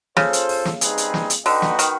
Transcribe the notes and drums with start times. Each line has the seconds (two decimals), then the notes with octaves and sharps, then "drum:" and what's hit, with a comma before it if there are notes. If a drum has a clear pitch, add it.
0.17 C#3 F4 A4 C5, drum: snare
0.33 drum: hi-hat
0.49 drum: open hi-hat
0.65 drum: snare
0.81 G3 C4 D#4 G#4 B4, drum: hi-hat
0.98 drum: hi-hat
1.14 drum: snare
1.30 drum: hi-hat
1.46 D3 D#4 F#4 B4 D#5 G5, drum: open hi-hat
1.62 drum: snare
1.79 D#3, drum: hi-hat